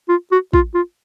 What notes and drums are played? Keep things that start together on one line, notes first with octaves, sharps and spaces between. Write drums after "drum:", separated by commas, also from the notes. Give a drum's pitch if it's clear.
F4
F#4
F4, drum: kick
F4